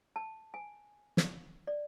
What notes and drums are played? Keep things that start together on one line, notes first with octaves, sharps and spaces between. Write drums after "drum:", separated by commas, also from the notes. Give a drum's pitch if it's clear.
A5
G#5
drum: snare
D5